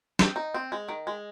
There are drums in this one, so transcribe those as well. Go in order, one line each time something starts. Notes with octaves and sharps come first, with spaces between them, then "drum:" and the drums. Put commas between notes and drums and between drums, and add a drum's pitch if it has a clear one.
C4, drum: snare
D#4
C4
G#3
D#3
G#3